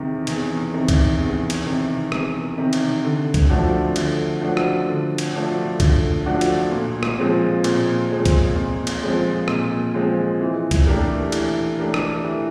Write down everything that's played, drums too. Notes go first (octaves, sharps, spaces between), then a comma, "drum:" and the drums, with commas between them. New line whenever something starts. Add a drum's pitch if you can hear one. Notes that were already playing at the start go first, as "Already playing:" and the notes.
Already playing: E2 C3 D#3
E2, drum: cymbal
C3 D#3
drum: kick C#2, cymbal
E2
drum: cymbal
C3 D#3
E2, drum: rim click
C3 D#3
drum: cymbal
D3
drum: kick C#2, cymbal
F3 A3 D4 F#4
D3, drum: cymbal
F3 A3 D4 F#4
drum: rim click
D3
drum: cymbal
F3 A3 D4 F#4
D3, drum: kick C#2, cymbal
F3 A3 D4 F#4
drum: cymbal
A#2
drum: rim click
F3 G#3 C4
A#2, drum: cymbal
F3 G#3 C4
drum: kick C#2, cymbal
A#2
drum: cymbal
F3 G#3 C4
A#2, drum: rim click
F3 G#3 C4
E3
drum: kick C#2, cymbal
A3 D4 G4 A#4
E3, drum: cymbal
A3 D4 G4 A#4
drum: rim click
E3